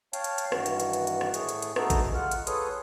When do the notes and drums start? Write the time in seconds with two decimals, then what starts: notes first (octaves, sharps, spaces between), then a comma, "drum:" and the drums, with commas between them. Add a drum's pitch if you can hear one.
0.13 C#5 F5 G5 A5, drum: hi-hat
0.24 drum: hi-hat
0.38 drum: hi-hat
0.52 G2 D#3 E3 F#4, drum: rim click
0.66 drum: hi-hat
0.80 drum: hi-hat
0.93 drum: hi-hat
1.07 drum: hi-hat
1.21 drum: rim click
1.34 A2 A3 G#4 C#6, drum: hi-hat
1.49 drum: hi-hat
1.62 drum: hi-hat
1.76 A3 B3 D#4 F#4 G#4 A4, drum: rim click
1.90 drum: kick A1, hi-hat
2.15 G#3 F4 F#5 F6
2.32 drum: hi-hat
2.47 G#4 A4 B4 C#5 C6 D#6, drum: hi-hat